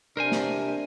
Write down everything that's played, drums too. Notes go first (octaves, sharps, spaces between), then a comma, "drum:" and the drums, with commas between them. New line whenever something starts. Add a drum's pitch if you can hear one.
C3 D4 A#4 C5 G#5
drum: snare